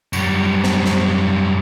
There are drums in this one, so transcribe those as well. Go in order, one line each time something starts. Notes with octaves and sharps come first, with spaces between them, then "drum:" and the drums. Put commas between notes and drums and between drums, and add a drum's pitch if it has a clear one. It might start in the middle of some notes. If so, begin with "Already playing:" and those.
F#2 G3, drum: tambourine
drum: snare
drum: snare